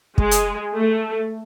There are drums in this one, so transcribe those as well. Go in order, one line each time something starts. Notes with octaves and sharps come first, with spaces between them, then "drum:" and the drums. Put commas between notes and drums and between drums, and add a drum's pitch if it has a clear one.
G#3, drum: kick
drum: hi-hat
A3